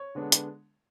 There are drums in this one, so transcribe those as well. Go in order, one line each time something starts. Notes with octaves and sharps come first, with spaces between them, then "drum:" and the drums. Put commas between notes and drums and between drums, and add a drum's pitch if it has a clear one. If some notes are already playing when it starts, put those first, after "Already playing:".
Already playing: C#5 C#6
D3 G#3 B3 D4
drum: hi-hat